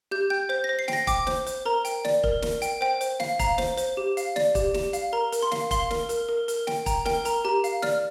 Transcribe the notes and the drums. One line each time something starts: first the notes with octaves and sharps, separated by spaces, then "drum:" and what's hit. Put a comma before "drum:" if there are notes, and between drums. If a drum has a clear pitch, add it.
G4 G6
G5 G6
C5 G6
A#6
C5
C7
G5, drum: snare
A#6
G5 D6, drum: kick E1, hi-hat
C5, drum: snare
C5, drum: hi-hat
A#4 A#5
G5, drum: hi-hat
D5, drum: snare
A#4, drum: kick E1
A#4, drum: snare
G5, drum: hi-hat
C5 G5
C5, drum: hi-hat
F5, drum: snare
F5 A#5, drum: kick E1, hi-hat
C5, drum: snare
C5, drum: hi-hat
G4
F5, drum: hi-hat
D5, drum: snare
G4, drum: kick E1, hi-hat
G4, drum: snare
F5, drum: hi-hat
A#4 A#5
A#4, drum: hi-hat
C6
F5, drum: snare
F5 C6, drum: kick E1, hi-hat
A#4, drum: snare
A#4, drum: hi-hat
A#4
A#4, drum: hi-hat
G5, drum: snare
G5 A#5, drum: kick E1, hi-hat
A#4 G5, drum: snare
A#4 A#5, drum: hi-hat
G4 A#5
F5, drum: hi-hat
D5 F6, drum: snare